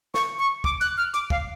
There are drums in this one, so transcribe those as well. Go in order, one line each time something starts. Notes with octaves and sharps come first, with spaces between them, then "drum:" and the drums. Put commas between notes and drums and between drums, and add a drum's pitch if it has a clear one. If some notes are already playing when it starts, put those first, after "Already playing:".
C#6, drum: snare
C#6
D6, drum: kick
F#6, drum: hi-hat
F6
D6, drum: hi-hat
F5, drum: kick